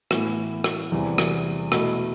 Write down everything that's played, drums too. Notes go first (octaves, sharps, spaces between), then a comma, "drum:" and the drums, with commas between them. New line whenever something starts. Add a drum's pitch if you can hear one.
A2 E3 B3, drum: rim click
drum: rim click
E2 C3 E3 G3 C4
drum: rim click
B2 A3 E4, drum: rim click